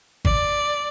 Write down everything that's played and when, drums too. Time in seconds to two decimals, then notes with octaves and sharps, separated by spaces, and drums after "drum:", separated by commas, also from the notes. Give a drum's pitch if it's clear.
0.25 D5, drum: kick G#1